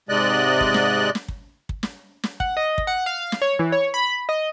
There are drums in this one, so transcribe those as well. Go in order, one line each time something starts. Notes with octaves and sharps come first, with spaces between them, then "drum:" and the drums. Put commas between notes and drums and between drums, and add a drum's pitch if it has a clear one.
G#2 C3 G#3 D5 D#5 F#6
drum: kick
drum: snare
drum: snare
drum: kick
drum: kick
drum: snare
drum: snare
F#5, drum: kick
D#5
drum: kick
F#5
F5
drum: snare
C#5
E3
C#5
B5
D#5